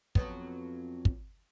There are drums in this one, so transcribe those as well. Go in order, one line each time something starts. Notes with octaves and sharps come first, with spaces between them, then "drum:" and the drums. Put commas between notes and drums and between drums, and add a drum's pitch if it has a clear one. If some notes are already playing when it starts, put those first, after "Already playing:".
F2 F#3 B3, drum: kick
drum: kick